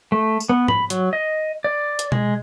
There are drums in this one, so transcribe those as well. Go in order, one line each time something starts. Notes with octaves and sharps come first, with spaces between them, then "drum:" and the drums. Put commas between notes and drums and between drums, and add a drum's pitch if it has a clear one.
A3
drum: tambourine
B3
B5, drum: tom G#2
F#3, drum: hi-hat
D#5
D5
drum: hi-hat
G#3, drum: tom B2